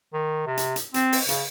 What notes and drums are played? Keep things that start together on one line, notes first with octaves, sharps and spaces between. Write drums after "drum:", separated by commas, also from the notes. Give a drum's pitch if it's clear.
D#3
C3
drum: hi-hat
drum: hi-hat
C4, drum: hi-hat
drum: open hi-hat
C#3, drum: hi-hat